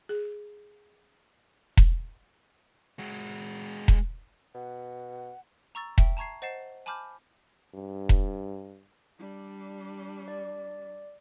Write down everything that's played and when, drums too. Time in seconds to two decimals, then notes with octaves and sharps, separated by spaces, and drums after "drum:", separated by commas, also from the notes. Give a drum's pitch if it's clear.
0.09 G#4
1.77 drum: kick E1
2.99 G#3 F#4
3.88 drum: kick E1
4.55 B2 F#5
5.75 A#5 C#6 E6 A6
5.98 E5 G5, drum: kick E1
6.17 A5 A#5 C#6 G#6 C7
6.42 C5 D#5 F#5 A6 C7 E7
6.86 G#5 A5 B5 D6 F6 G6
7.74 G2
8.09 drum: kick E1
9.19 G3 D4
10.28 D5